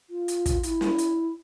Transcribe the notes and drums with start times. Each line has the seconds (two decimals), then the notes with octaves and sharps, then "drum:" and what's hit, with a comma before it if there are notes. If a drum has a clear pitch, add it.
0.10 F4
0.28 drum: hi-hat
0.46 drum: kick, hi-hat
0.63 E4, drum: hi-hat
0.81 drum: snare
0.98 drum: hi-hat